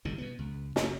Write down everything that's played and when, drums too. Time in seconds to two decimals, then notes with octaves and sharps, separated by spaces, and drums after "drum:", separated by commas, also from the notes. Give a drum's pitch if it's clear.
0.05 G1 C2 G#2 D3
0.18 B2 B3
0.39 C#2
0.76 F#1, drum: snare